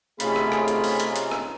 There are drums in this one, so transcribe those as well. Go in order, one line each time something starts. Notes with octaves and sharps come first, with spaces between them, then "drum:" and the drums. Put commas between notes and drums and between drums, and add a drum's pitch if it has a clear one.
C3 A3 C#4 D#4 F4 G#4 B5, drum: hi-hat
drum: rim click
drum: rim click
drum: hi-hat
drum: open hi-hat
drum: hi-hat
drum: hi-hat
drum: rim click